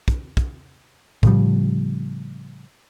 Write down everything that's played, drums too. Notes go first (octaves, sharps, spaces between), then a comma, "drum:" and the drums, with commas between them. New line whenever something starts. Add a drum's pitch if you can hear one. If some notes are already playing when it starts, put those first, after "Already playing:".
drum: kick
drum: kick
A2 C#3 F3 G3, drum: kick